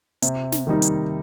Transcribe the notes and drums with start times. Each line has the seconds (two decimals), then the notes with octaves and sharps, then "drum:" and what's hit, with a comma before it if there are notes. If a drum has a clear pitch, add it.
0.22 C3, drum: hi-hat
0.52 drum: snare
0.67 D#3 G3 D#4
0.82 drum: hi-hat